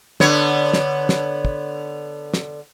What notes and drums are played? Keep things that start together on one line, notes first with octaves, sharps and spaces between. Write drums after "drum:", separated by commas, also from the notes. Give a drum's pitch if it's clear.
D3 B3 C#5, drum: snare
drum: snare
drum: snare
drum: kick
drum: snare